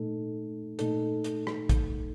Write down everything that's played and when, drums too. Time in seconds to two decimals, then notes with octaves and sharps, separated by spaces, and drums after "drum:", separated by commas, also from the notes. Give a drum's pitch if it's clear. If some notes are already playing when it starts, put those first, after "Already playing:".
Already playing: A#2 A3 D#4 A4
0.79 A#2 A3 D#4 A4, drum: hi-hat
1.24 drum: hi-hat
1.47 drum: rim click
1.69 drum: kick, hi-hat